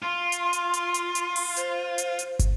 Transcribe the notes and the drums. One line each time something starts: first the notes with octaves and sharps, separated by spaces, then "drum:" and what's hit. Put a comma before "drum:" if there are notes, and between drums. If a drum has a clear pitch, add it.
F4 C6
drum: hi-hat
drum: hi-hat
drum: hi-hat
drum: hi-hat
drum: hi-hat
drum: open hi-hat
C5, drum: hi-hat
drum: hi-hat
drum: hi-hat
drum: kick, hi-hat